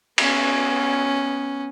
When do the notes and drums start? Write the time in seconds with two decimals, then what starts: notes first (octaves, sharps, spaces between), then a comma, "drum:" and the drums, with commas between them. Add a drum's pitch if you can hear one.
0.18 B3 C#4, drum: cymbal